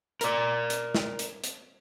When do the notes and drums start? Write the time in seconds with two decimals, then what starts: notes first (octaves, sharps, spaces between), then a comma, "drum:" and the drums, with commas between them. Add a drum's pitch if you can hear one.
0.21 A#4 D5, drum: hi-hat
0.70 drum: hi-hat
0.95 drum: snare
1.19 drum: hi-hat
1.44 drum: hi-hat